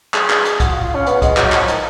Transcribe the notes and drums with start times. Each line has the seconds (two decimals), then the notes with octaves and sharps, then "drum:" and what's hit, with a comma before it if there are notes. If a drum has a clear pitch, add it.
0.14 G#4, drum: clap
0.30 drum: clap
0.45 drum: hi-hat
0.60 F#4, drum: kick, hi-hat
0.72 F4
0.83 F4
0.95 C#4
1.07 B3, drum: hi-hat
1.22 G#3, drum: kick, hi-hat
1.37 F#3, drum: clap
1.52 F3, drum: clap
1.68 D#3, drum: hi-hat